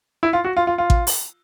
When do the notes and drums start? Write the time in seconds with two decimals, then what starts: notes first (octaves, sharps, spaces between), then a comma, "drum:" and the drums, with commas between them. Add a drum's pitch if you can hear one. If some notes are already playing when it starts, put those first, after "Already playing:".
0.23 E4
0.33 F4
0.45 F#4
0.57 F4
0.67 F4
0.78 F4
0.90 drum: kick A1
1.07 drum: open hi-hat